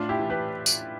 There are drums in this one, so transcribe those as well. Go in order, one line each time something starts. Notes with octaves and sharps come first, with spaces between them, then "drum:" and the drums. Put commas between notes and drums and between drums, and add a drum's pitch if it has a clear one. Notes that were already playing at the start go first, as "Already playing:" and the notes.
Already playing: A2 D4 F4
E4 G4
E3
G4 B4
drum: tambourine